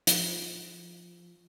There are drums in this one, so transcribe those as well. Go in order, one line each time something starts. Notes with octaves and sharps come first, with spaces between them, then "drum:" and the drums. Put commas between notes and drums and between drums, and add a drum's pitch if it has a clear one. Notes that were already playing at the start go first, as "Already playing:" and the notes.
F3, drum: hi-hat